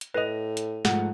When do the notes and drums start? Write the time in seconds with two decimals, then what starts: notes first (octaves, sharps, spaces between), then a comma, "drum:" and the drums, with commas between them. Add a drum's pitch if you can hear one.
0.01 drum: hi-hat
0.14 A2 B4 D#5 A#6 D#7 F7
0.57 drum: hi-hat
0.85 G#2 F3 A3 F#5, drum: snare